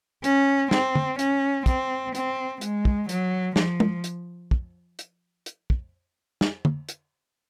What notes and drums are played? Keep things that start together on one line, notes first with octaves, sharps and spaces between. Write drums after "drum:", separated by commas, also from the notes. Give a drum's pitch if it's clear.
C#4, drum: hi-hat
C4, drum: snare
drum: tom
C#4, drum: hi-hat
C4, drum: kick, hi-hat
C4, drum: hi-hat
G#3, drum: hi-hat
drum: kick
F#3, drum: hi-hat
F3, drum: snare
drum: tom
drum: hi-hat
drum: kick
drum: hi-hat
drum: hi-hat
drum: kick
drum: snare
drum: tom
drum: hi-hat